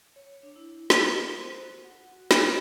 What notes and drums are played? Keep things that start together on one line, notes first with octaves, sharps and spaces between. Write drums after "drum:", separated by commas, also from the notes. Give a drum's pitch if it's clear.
C#5
D4
E4
F4, drum: snare
A#4
C5
F#4
F#5
F#4
E5, drum: snare